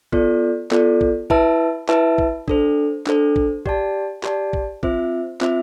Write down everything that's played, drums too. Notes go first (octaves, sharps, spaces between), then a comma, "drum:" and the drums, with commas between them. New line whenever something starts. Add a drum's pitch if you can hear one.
B3 F4 A4 D5, drum: kick
B3 F4 A4 D5, drum: clap
drum: kick
E4 B4 E5 A5, drum: kick
E4 B4 E5 A5, drum: clap
drum: kick
D4 A4 C5, drum: kick
D4 A4 C5, drum: clap
drum: kick
G4 D5 A5, drum: kick
G4 D5 A5, drum: clap
drum: kick
C4 F4 C5 E5, drum: kick
C4 F4 C5 E5, drum: clap